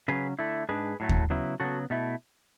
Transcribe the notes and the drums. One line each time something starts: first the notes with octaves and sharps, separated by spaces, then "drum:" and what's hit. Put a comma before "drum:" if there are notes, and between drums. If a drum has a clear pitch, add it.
C#3 F#3 C#4 G#4 B4
D3 A3 E4
G#2 G#3 D4 G#4 B4
A2 F#3 A3
drum: kick D#2
C#3 F#3 B3 E4
C#3 F#3 B3 F#4 A4
B2 A3 E4